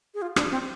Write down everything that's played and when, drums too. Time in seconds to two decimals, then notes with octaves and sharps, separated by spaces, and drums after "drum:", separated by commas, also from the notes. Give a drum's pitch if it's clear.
0.14 G#4
0.22 F4
0.36 D4, drum: rim click
0.51 C4